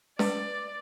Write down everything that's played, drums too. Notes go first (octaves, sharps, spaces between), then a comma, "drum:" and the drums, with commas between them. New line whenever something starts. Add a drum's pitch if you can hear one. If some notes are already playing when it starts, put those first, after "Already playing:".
B4 D5, drum: snare